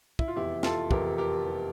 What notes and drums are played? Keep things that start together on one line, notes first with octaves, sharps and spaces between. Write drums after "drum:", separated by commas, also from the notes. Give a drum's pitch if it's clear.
E4, drum: kick
F4
F1 E2 E3 E4 G4
F4 A4, drum: snare
F1 E2 E3 G4 A#4, drum: kick
G4 A#4
E3